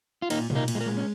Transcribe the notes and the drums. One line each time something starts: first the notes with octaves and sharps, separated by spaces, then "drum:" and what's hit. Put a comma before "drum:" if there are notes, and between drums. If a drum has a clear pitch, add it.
F4
A#2 A#3 D#4, drum: cymbal
A#2, drum: tom B2
A#3 D#4
A#2, drum: cymbal
G#3
A#3
G#3
C#4